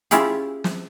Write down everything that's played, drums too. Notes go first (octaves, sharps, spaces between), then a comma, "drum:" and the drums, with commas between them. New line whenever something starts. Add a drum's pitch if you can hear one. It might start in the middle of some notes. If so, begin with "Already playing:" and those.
C#4 E4 F4 G4 G#4, drum: hi-hat
drum: snare